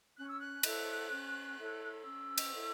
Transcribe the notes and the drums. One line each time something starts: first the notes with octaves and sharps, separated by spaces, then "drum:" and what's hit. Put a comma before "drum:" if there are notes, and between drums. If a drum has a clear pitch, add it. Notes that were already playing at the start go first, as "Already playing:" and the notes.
C#4 F#6
E6
F#6
E4 A4 C#5, drum: cymbal
C#4
E4 A4 C#5
C#4 E6
drum: cymbal
E4 A4 C#5